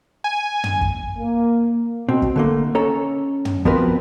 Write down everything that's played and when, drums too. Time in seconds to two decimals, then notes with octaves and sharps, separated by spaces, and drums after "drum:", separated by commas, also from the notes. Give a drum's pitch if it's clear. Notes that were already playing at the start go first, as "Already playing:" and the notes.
0.24 G#5
0.64 drum: tom
0.81 drum: kick
1.19 A#3
2.09 B2 C4
2.22 drum: kick
2.36 D3 A3 A#3
2.75 C#4 A4 C#5 A#5
3.45 drum: tom
3.65 F3 B3 C4 F#4 A#4 B4, drum: kick